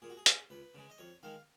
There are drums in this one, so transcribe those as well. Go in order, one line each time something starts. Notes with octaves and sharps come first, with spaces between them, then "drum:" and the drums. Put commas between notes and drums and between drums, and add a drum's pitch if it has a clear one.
A#2 G#4
F#4
G#4
G#3, drum: hi-hat
C#2 B4
C#3 G#3
D#5
F2 C#5
D#3 G#3 F5